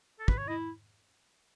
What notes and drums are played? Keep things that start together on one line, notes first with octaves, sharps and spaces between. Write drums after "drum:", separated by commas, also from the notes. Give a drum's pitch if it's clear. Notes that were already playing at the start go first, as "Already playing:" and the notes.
A4
B4, drum: kick
C#5
E4 D#5